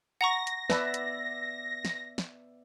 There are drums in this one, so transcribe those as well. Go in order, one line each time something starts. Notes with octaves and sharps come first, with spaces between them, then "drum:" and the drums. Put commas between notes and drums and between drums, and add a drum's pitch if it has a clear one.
F#5 A#5 C#6 A#6
drum: hi-hat
B3 B4 D5 E5 A5, drum: snare
drum: hi-hat
drum: snare
drum: snare